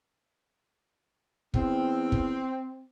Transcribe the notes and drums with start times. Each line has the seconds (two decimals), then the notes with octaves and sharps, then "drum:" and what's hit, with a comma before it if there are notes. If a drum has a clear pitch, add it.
1.54 E2 C4, drum: kick
2.12 drum: kick